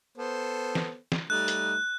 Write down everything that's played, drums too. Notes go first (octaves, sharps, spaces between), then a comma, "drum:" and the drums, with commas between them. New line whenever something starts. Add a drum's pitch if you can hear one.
B3 A4 C5
drum: snare
drum: snare
G3 A3 D#4 F#6
drum: hi-hat